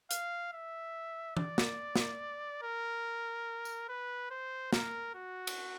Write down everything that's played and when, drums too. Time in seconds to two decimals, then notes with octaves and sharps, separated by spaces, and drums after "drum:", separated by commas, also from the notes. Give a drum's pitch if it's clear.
0.11 F5, drum: hi-hat
0.53 E5
1.37 D5, drum: tom E3
1.58 drum: snare
1.96 drum: snare
2.63 A#4
3.65 drum: tambourine
3.89 B4
4.31 C5
4.73 A#4, drum: snare
5.15 F#4
5.47 drum: cymbal